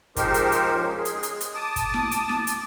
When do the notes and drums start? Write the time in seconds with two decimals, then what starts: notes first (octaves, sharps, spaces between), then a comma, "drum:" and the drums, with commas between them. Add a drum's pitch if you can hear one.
0.16 F3 G#3 D#4 G4 A#4 C5, drum: kick, hi-hat
0.34 drum: hi-hat
0.52 drum: hi-hat
0.76 C#4
0.96 G#3 G#4
1.05 drum: hi-hat
1.23 drum: hi-hat
1.41 drum: hi-hat
1.55 A5 D6 D#6
1.76 drum: kick, hi-hat
1.94 drum: snare
2.11 drum: hi-hat
2.29 drum: snare
2.47 drum: hi-hat